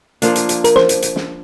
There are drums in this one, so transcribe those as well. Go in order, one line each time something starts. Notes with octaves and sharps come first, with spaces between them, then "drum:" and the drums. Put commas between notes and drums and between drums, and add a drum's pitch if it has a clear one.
F3 A#3 D4, drum: hi-hat
drum: hi-hat
drum: hi-hat
A#4, drum: hi-hat
C5, drum: snare
drum: hi-hat
drum: hi-hat
drum: snare